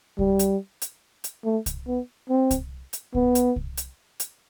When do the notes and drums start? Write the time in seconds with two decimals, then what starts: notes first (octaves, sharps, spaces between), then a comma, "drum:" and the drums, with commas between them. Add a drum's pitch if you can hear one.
0.19 G3, drum: kick C2
0.39 drum: hi-hat
0.82 drum: hi-hat
1.24 drum: hi-hat
1.45 A3
1.66 drum: kick C2, hi-hat
1.87 B3
2.30 C4
2.51 drum: kick C2, hi-hat
2.93 drum: hi-hat
3.15 B3, drum: kick C2
3.35 drum: hi-hat
3.56 drum: kick C2
3.77 drum: hi-hat
4.20 drum: hi-hat